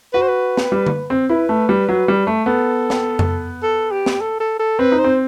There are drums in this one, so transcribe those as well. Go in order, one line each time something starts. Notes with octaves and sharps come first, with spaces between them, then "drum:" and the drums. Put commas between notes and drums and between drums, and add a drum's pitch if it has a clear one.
F#4 B4
C5
B4
drum: snare
G3
drum: tom D3
C4
E4 B4
A3
G3
F#3
G3
A3
B3 A4
drum: snare
drum: tom F2
A4
G4
drum: snare
A4
A4
A4
C4 B4
D#4
C5
C4